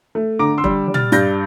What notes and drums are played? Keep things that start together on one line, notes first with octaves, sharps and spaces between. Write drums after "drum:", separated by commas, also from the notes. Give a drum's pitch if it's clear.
A3
D3 A#5 D6
C6 E6
G3, drum: kick E1
G3
F6 A6, drum: tom
G2 G6 A#6, drum: hi-hat